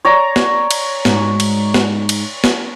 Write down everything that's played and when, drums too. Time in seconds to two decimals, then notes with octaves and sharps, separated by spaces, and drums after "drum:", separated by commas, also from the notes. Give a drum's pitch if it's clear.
0.05 C#5 D5 A#5
0.36 drum: snare
0.71 drum: cymbal
1.05 G#2 F#4, drum: snare
1.40 drum: cymbal
1.74 drum: snare
2.09 drum: cymbal
2.44 drum: snare